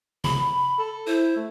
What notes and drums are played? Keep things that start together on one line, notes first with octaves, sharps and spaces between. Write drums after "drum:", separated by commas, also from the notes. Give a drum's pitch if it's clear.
B5, drum: tom C3
A4
E4 C5
A3